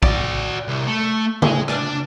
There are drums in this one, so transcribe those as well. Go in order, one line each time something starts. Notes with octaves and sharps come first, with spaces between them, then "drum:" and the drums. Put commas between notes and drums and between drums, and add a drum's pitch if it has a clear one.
F#4 D5, drum: kick
C2
A3
G#3 G#4, drum: tom C#3
D4 D5, drum: rim click